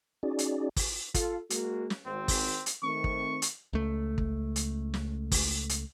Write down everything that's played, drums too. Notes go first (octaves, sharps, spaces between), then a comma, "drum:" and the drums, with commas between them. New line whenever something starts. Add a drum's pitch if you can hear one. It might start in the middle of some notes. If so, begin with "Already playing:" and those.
C#4 D#4 F#4 G#4 D5
drum: hi-hat
drum: kick, open hi-hat
F4 A4, drum: kick, hi-hat
G#3 A#3 F#4, drum: hi-hat
drum: snare
G#1 C4
drum: kick, open hi-hat
drum: hi-hat
D#3 A3 C4 C#6
drum: kick
drum: hi-hat
C#2 A3
drum: kick
drum: hi-hat
drum: snare
drum: kick, open hi-hat
drum: hi-hat